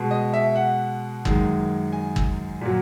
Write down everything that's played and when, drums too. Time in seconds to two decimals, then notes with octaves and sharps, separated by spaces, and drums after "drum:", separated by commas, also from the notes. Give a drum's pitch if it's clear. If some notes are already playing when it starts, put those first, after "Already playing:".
Already playing: B2 G#3
0.11 D#5
0.34 E5
0.56 F#5
1.25 F#2 D#3 G#3, drum: kick G1
1.93 G#5
2.16 drum: kick G1
2.61 A#2 F#3